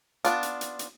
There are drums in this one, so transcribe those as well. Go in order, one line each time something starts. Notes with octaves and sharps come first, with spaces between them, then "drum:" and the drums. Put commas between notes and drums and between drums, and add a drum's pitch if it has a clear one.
B3 D4 F4, drum: hi-hat
drum: hi-hat
drum: hi-hat
drum: hi-hat